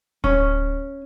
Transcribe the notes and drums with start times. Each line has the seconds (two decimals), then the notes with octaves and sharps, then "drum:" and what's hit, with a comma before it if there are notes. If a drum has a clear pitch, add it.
0.24 C#4, drum: kick D1